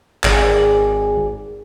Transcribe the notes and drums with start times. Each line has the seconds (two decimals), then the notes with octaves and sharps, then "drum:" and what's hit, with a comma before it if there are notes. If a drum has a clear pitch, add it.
0.24 G#1 G#4 D5 G#5, drum: clap